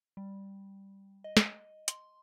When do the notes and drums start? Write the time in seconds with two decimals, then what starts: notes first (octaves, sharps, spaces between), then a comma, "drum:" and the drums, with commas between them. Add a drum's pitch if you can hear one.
0.17 G3
1.24 D#5
1.37 drum: snare
1.88 C6, drum: hi-hat